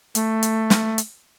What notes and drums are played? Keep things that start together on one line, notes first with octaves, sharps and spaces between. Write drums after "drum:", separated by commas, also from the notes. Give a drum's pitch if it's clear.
A3, drum: hi-hat
drum: hi-hat
drum: snare
drum: hi-hat